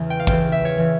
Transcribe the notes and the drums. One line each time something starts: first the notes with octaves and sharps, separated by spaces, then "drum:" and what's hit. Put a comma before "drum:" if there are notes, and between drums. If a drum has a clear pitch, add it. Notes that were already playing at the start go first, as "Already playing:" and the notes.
Already playing: E2 C#3 E3
G5
F5
E2 C#3 E3 G5, drum: kick
E5
C#5
C#3 E3